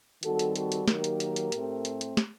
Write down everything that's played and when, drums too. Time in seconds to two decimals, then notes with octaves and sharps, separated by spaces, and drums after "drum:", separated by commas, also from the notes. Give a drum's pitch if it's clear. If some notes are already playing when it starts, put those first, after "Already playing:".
0.23 D#3 G3 C4 F#4 A4, drum: hi-hat
0.39 drum: hi-hat
0.56 F#4 A4, drum: hi-hat
0.72 drum: hi-hat
0.88 D#3 F#3 A#3 G4 A#4, drum: snare
1.04 drum: hi-hat
1.20 drum: hi-hat
1.36 drum: hi-hat
1.52 A2 A3 C4, drum: hi-hat
1.85 drum: hi-hat
2.01 drum: hi-hat
2.17 drum: snare